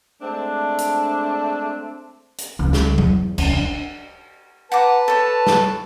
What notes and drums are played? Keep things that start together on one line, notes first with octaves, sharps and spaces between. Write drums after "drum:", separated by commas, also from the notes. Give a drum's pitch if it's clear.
G#3 A3 C4 D4
drum: hi-hat
drum: hi-hat
C#2
drum: snare
E2, drum: tom F#3
C#2, drum: cymbal
D4
B4 F#5 A5 A#5 D6
A4 C#5
drum: snare